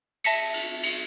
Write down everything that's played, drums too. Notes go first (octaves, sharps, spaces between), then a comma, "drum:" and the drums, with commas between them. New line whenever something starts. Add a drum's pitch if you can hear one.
E5 A5 A#6 B6 C#7, drum: cymbal
drum: cymbal
drum: cymbal